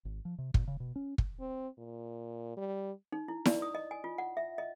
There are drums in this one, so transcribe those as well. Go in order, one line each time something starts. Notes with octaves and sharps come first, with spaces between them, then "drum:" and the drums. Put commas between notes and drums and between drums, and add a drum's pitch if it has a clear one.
G#1
F3
C3
A#2, drum: kick
C#3
B2
C#4
drum: kick
C4
A#2
G3
D#4
E4
D5, drum: snare E4
D#6
D#5
G#5
F4
F#5
E5
D#5